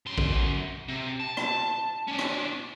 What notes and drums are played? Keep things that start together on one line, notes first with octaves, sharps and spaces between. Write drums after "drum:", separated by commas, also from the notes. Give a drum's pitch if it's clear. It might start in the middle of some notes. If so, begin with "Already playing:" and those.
F#2 C6
drum: kick A1
C3
A5
drum: rim click
C#4 D4
drum: rim click